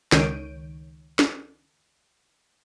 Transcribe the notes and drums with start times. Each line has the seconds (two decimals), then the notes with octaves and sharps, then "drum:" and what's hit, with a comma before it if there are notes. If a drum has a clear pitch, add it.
0.12 C#2 D#3 C#5 G6 D7 D#7, drum: snare
1.19 drum: snare